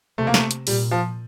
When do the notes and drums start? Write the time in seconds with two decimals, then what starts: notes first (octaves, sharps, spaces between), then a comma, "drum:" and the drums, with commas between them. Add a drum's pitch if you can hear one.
0.18 C3 A3
0.27 A#3
0.34 A3, drum: snare
0.51 drum: hi-hat
0.67 A#2 G3, drum: open hi-hat
0.91 F3